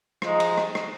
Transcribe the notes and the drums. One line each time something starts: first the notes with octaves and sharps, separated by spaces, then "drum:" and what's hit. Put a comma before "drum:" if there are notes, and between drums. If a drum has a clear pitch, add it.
F3 G#3 D#4, drum: rim click
drum: cymbal
drum: rim click
drum: rim click